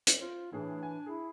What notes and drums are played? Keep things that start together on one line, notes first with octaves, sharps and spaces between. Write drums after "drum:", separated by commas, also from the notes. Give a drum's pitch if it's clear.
drum: hi-hat
F4 C5
A2 E3 D4 G#4
G#5
E4 G#4